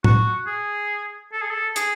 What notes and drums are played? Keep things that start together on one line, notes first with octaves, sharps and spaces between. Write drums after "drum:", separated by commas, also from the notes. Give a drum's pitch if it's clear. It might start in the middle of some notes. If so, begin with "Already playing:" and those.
F#4, drum: tom
G#4
A4
G#4
A4
G#4, drum: hi-hat